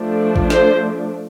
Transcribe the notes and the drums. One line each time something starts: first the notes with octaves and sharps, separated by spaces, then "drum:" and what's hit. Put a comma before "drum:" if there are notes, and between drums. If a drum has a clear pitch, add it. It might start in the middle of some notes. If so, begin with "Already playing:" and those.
Already playing: F3 A3 D4
drum: kick
C5, drum: snare